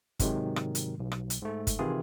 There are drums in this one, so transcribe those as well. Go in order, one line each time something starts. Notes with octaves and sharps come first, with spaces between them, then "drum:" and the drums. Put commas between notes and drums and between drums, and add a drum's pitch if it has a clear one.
G#2 C3 D#3 F#3 G#3, drum: kick, hi-hat
drum: rim click
drum: hi-hat
B1
drum: rim click
drum: hi-hat
G#2 A3
drum: kick, hi-hat
C3 D#3 E3 E4 F4 G#4